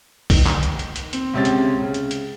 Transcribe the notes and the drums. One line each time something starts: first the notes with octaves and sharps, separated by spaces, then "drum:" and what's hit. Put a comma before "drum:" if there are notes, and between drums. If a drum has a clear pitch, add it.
D#3, drum: kick B1, open hi-hat
drum: clap
drum: hi-hat
drum: hi-hat
drum: hi-hat
C4, drum: hi-hat
C#2 C3 C4 C#4 A6
drum: hi-hat
C#3
drum: hi-hat
drum: hi-hat